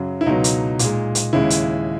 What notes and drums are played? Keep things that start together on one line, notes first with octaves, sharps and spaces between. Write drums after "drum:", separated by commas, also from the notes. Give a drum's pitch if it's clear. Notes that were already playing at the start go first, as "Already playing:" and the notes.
Already playing: F#2 C#3 F#3
E4
C#2 B2 F#3 D#4
drum: hi-hat
A#2 G#3, drum: hi-hat
drum: hi-hat
D#2 C#3 G#3 E4
drum: hi-hat